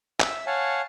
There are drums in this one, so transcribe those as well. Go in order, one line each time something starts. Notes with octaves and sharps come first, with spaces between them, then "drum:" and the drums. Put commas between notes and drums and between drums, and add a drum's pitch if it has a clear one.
E5 E6, drum: clap
C#5 F5 F#5 G#5 A5